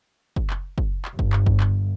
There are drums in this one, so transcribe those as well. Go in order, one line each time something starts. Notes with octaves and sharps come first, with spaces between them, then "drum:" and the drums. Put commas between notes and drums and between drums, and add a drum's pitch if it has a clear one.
drum: kick
drum: clap
drum: kick
drum: clap
G1, drum: kick
drum: clap
drum: kick
drum: clap